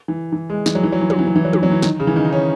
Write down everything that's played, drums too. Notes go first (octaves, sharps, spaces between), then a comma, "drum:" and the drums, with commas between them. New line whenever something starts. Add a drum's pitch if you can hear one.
E3
E3
G#3
E3, drum: snare
F#3
E3
F#3
E3
F#3, drum: tom
E3
F#3
E3
F#3
E3, drum: tom
F#3
E3
D#3, drum: snare
C#3
E3
D#3
D#4
C#4